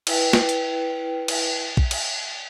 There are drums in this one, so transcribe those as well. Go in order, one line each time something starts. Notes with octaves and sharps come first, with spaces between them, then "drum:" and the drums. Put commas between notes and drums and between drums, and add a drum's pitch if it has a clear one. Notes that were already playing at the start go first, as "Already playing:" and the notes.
E4 B4 G5, drum: cymbal
drum: snare
drum: hi-hat
drum: cymbal
drum: kick
drum: cymbal